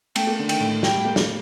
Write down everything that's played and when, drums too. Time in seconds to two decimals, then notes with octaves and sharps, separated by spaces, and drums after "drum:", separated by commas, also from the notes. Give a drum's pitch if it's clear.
0.16 A3 G5, drum: cymbal
0.27 A#3
0.39 D3
0.49 D#3 G5, drum: cymbal
0.60 A2
0.83 G3 G5, drum: snare
0.94 A3
1.05 A#3
1.16 A#3, drum: snare